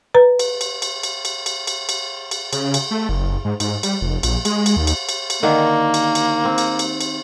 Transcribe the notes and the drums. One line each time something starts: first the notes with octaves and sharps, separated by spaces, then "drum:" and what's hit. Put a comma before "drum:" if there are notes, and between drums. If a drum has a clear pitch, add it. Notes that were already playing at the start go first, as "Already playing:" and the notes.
B4 A#5
drum: cymbal
drum: cymbal
drum: cymbal
drum: cymbal
drum: cymbal
drum: cymbal
drum: cymbal
drum: cymbal
drum: cymbal
C#3, drum: cymbal
drum: cymbal
A3
F#1
G#2
G#2, drum: cymbal
G3, drum: cymbal
F1
A#1, drum: cymbal
G#3, drum: cymbal
drum: cymbal
D#2
drum: cymbal
drum: cymbal
drum: cymbal
D3 D#3 A#3
drum: cymbal
drum: cymbal
C4
drum: cymbal
drum: cymbal
drum: cymbal